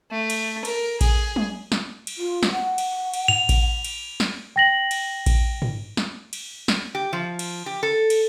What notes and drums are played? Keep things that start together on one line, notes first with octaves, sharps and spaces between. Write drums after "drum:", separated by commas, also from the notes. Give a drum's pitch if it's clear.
A3
drum: cymbal
A#4, drum: cymbal
G#4, drum: kick A1, cymbal
drum: tom
drum: snare
drum: cymbal
F4
drum: snare
F#5
drum: cymbal
drum: cymbal
F7
drum: kick A1, cymbal
drum: cymbal
drum: snare
G5 A#6 F#7
drum: cymbal
drum: kick A1, cymbal
drum: tom
drum: snare
drum: cymbal
drum: snare
G4
F3
drum: cymbal
G4
A4
drum: cymbal